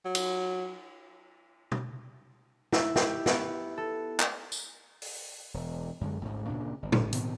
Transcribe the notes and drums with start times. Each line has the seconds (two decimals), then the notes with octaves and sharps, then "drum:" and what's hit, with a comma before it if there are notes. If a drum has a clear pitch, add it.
0.05 F#3
0.15 drum: cymbal
1.72 drum: tom
2.72 E4, drum: snare
2.96 G4, drum: snare
3.26 B3, drum: snare
3.78 A4
4.20 drum: clap
4.52 drum: tambourine
5.02 drum: open hi-hat
5.54 E1
6.01 F#2 D3 G#3
6.21 A1 D2 G#2
6.48 D2 A#2 C#3 D4
6.83 G1
6.92 drum: tom A2
7.13 B2 D#3 C4, drum: hi-hat